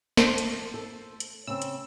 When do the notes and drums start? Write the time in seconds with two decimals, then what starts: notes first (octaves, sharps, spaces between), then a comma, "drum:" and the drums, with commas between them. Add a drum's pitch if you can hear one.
0.17 A3 C5 A5, drum: snare
0.38 drum: hi-hat
0.74 A4
1.20 drum: hi-hat
1.47 C#3 C4 E6
1.62 drum: hi-hat